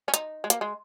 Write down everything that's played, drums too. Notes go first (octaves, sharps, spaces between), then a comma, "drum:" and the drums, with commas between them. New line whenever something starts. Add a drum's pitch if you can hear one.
C#4
D#4, drum: hi-hat
G#3
A#3, drum: hi-hat
G#3